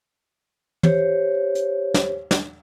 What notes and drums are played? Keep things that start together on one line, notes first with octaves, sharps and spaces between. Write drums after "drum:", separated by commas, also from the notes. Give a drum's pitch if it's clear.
G4 C5 C#5, drum: tom
drum: hi-hat
drum: snare
drum: snare